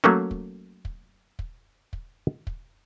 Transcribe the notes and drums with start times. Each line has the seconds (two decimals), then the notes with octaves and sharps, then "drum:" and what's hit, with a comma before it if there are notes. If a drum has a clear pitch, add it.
0.04 F#3 A3 A#3 C#4
0.31 drum: kick
0.85 drum: kick
1.39 drum: kick
1.93 drum: kick
2.47 drum: kick